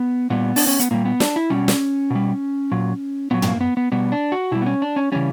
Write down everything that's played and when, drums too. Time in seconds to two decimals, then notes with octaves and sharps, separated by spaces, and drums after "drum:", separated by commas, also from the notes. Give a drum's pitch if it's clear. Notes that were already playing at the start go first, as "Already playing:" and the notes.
Already playing: B3
0.30 A#2 G3 B3
0.56 D4, drum: open hi-hat
0.67 C#4
0.80 B3, drum: hi-hat
0.91 A#2 G3 A#3
1.05 B3
1.20 D4, drum: snare
1.36 E4
1.50 B2 G3 C#4
1.68 drum: snare
2.10 B2 G3
2.72 A#2 F#3
3.31 A#2 F#3 B3
3.42 B3, drum: tom
3.46 A#3
3.61 B3
3.77 B3
3.92 B2 G3 B3
4.12 D4
4.32 F#4
4.51 B2 G3 E4
4.62 B3
4.66 C#4
4.82 D4
4.96 C#4
5.12 C#3 E3 G3 C#4